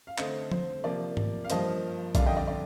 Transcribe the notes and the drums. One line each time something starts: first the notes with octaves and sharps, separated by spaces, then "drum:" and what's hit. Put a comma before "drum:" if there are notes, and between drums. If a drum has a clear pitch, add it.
F5
D3 A3 C4 C5 D#5, drum: clap
C5, drum: tom F3
C3 F3 A#3 D5
drum: tom G#2
F5
G2 F3 A#3 C5 D#5, drum: hi-hat
F2 D3 G3 D5 F5, drum: kick, hi-hat
D#5 G5
D5
D5